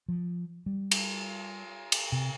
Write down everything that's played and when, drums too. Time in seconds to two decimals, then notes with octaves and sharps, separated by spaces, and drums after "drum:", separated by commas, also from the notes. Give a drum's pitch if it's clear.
0.08 F3
0.66 G3
0.91 drum: cymbal
1.92 drum: cymbal
2.12 C3